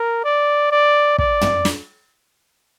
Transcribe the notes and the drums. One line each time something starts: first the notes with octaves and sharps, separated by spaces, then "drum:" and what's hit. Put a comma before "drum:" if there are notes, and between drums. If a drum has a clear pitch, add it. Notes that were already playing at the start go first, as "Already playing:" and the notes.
Already playing: A#4
D5
D5
D5, drum: kick
drum: tom
drum: snare